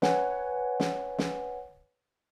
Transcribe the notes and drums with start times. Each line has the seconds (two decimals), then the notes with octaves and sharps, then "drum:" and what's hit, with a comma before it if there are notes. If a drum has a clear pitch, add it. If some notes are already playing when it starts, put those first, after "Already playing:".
0.02 B4 C#5 F#5 G#5, drum: snare
0.80 drum: snare
1.18 drum: snare